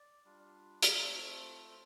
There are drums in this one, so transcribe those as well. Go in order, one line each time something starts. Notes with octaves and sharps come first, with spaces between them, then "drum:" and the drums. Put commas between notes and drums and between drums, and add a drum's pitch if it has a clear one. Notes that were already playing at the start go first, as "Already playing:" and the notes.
Already playing: D5
G3 D4 F4
drum: hi-hat
A3 C4 F4